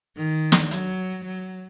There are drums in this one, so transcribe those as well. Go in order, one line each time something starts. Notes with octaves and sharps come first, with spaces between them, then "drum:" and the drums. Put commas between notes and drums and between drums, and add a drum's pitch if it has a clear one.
D#3
drum: snare
F#3, drum: hi-hat
F#3